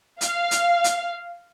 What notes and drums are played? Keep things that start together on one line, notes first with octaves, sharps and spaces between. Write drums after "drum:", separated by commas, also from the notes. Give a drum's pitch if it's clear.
F5, drum: hi-hat
drum: hi-hat
drum: hi-hat